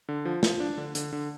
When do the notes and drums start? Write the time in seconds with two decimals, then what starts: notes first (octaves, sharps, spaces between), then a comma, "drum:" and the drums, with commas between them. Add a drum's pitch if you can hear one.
0.09 D3
0.25 F3
0.43 F3, drum: snare
0.60 D4
0.78 D3
0.95 D3, drum: hi-hat
1.13 D3